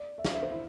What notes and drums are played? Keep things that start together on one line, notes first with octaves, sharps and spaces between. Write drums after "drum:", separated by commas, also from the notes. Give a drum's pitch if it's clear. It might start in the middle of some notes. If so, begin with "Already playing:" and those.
Already playing: D5
E5
F5, drum: snare
E5
C5
E4